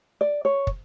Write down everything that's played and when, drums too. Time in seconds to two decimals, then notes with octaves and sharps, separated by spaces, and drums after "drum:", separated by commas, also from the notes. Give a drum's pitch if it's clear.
0.21 D5
0.45 C#5
0.67 drum: kick